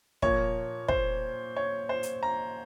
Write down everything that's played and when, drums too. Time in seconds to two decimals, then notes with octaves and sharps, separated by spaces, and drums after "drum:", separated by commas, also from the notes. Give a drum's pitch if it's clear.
0.22 A#2 F3 A#3 C#5, drum: kick
0.88 C5, drum: kick
1.56 C#5
1.89 C5
2.03 drum: hi-hat
2.23 A#5